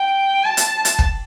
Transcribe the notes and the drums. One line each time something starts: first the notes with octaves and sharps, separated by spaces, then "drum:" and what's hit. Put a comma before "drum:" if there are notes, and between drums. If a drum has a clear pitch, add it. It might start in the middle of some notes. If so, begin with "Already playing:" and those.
Already playing: G5
A5
drum: hi-hat
drum: hi-hat
drum: kick